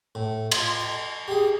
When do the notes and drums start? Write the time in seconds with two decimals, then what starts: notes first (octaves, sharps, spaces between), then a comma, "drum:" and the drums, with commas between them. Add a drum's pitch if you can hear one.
0.15 A2
0.52 F4, drum: cymbal
0.80 A5
1.28 G4 G#4